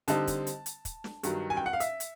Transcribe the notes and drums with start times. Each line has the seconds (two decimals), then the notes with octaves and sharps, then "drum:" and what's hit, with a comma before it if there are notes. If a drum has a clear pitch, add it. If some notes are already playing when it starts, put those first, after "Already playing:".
0.08 D3 G3 C4 D#4 A5, drum: hi-hat
0.27 drum: kick, hi-hat
0.47 drum: hi-hat
0.66 drum: hi-hat
0.85 drum: kick, hi-hat
1.04 drum: snare
1.23 G2 D#3 F#3, drum: hi-hat
1.50 G#5
1.57 G5
1.66 F#5
1.73 F5
1.80 E5, drum: hi-hat
2.00 drum: hi-hat